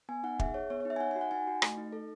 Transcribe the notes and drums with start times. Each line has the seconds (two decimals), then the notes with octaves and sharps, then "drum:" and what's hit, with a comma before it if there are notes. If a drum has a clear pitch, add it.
0.09 B3 G#5
0.23 D#4 F#5
0.39 G#4 E5, drum: kick
0.54 G#4 C#5
0.70 B3 C#5
0.80 C#5
0.85 D#4
0.90 E5
0.96 G#5
1.00 D#4 F#5
1.11 G#5
1.16 F#4
1.21 F#5
1.31 D#4 G#5
1.47 F#4
1.62 A3, drum: rim click
1.78 D#4
1.92 A4